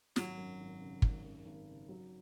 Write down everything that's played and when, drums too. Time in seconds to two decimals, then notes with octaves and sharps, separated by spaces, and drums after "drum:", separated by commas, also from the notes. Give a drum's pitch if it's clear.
0.16 G#1 F#3, drum: snare
0.37 F#2
0.59 G#1
0.80 C#3
1.02 G#1, drum: kick
1.24 F#2
1.45 G#1
1.67 C#3
1.89 F#3